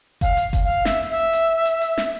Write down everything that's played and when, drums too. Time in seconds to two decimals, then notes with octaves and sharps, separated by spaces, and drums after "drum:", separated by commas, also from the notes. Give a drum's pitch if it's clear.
0.21 F5, drum: kick F#1, hi-hat
0.37 drum: hi-hat
0.53 drum: kick F#1, hi-hat
0.64 F5
0.85 E5, drum: snare
1.09 E5
1.33 drum: hi-hat
1.65 drum: hi-hat
1.81 drum: hi-hat
1.98 drum: snare